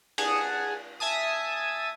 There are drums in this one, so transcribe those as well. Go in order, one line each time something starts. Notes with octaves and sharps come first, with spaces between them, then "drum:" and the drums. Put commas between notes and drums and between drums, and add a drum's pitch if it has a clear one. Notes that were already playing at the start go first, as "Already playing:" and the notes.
G#4 F#5 G#5 A5, drum: cymbal
E5 G#5 A5 D#6